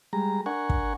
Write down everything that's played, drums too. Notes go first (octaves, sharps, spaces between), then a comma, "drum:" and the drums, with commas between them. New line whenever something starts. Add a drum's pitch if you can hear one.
G3 G#3 A#5
D4 A#4 F#5 G#5 C#6
drum: kick